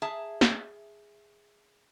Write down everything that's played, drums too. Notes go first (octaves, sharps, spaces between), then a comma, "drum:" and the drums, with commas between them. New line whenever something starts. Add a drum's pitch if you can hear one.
G#4 E5 A5
drum: snare